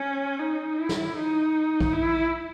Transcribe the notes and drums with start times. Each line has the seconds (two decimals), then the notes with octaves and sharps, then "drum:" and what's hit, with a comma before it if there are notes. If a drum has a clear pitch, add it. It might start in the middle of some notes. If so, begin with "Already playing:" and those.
Already playing: C#4
0.39 D#4
0.78 E4
0.89 drum: snare
1.16 D#4
1.81 drum: kick A#1
1.92 E4